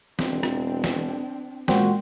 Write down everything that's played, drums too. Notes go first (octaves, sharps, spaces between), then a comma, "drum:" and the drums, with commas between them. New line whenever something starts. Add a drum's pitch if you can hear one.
E1 C4 D4, drum: snare
drum: rim click
drum: snare
A#2 G#3 F#4 C5 G5, drum: snare